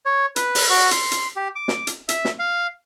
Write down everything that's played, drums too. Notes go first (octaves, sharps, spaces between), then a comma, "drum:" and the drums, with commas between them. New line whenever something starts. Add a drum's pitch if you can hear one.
C#5
B4, drum: hi-hat
drum: open hi-hat
F#4
C6, drum: hi-hat
drum: hi-hat
G4
D6
drum: snare
drum: hi-hat
E5, drum: hi-hat
drum: snare
F5